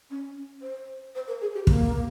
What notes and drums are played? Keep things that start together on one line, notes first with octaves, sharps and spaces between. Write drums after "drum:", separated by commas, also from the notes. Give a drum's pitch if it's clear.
C#4
C5
C5
A#4
G#4
G4
A#3, drum: kick